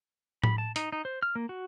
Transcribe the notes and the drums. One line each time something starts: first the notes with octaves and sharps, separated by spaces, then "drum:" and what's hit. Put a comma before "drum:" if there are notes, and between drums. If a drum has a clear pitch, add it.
B5, drum: tom A2
A5
D#4, drum: hi-hat
D#4
C5
F6
A#3
F#4